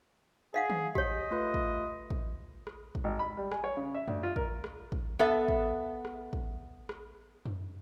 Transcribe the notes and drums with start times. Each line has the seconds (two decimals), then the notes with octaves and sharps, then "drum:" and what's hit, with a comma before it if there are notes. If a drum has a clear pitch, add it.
0.54 G#4 D#5 F5 F#5
0.70 drum: tom D#3
0.95 G4 C#5 D#5 B6, drum: kick
1.31 A3 F4 B4
1.54 drum: kick
2.10 drum: kick
2.67 drum: rim click
2.95 drum: kick
3.04 G#1
3.19 B5
3.37 G3
3.52 G#5, drum: rim click
3.64 C#5
3.77 C#3
3.95 E5
4.08 D2, drum: tom F#2
4.23 F4
4.36 A#4, drum: kick
4.64 drum: rim click
4.92 drum: kick
5.19 B3 A4 E5
5.48 drum: kick
6.05 drum: rim click
6.33 drum: kick
6.89 drum: rim click
7.46 drum: tom F#2